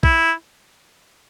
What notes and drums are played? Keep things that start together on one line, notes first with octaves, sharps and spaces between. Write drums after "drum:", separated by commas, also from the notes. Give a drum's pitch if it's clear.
E4, drum: kick